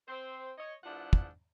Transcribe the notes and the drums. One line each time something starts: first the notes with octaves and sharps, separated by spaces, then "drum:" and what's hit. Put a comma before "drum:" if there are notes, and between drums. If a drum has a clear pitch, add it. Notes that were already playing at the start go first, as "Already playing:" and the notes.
C4 C5
C#5 D#5
E2 G#2 D4 E4 F4 F#5
drum: kick